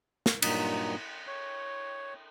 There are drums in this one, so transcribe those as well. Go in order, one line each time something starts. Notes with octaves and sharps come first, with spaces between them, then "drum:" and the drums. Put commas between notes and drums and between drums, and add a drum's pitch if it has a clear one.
drum: snare
G2 A#2 F#3 D#4 D#6, drum: cymbal
C#5